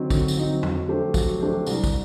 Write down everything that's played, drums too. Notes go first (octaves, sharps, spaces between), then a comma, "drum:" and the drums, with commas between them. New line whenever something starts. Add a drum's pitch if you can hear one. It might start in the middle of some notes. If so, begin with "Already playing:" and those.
Already playing: D3 F#3 C4 D#4
D3, drum: kick, tambourine
drum: tambourine
F#3 C4 D#4
F#3, drum: tom E2
A3 D4 G4 C5
F#3, drum: kick, tambourine
A3 D4 G4 C5
C2, drum: tambourine
drum: kick, tambourine